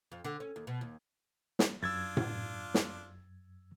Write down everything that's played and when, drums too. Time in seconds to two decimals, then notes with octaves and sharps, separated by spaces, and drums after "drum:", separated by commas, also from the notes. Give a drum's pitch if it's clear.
0.12 F2
0.24 D3
0.40 C#4
0.56 D#2
0.67 B2
0.81 D#2
1.59 drum: snare
1.83 F#2 D4 F4 E6 G#6 A6
2.17 drum: tom A2
2.74 drum: snare